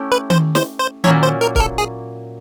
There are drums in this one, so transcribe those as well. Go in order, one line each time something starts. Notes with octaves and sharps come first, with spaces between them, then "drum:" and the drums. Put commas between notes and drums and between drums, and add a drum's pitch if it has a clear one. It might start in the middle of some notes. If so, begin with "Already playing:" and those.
Already playing: A3 C#4 E4 G4
B4
C5, drum: tom D#3
C5, drum: snare
C5
A#2 F#3 A#3 C#4 E4 C#5, drum: tom D#3
C5
A#4
A#4, drum: kick
A4
G#4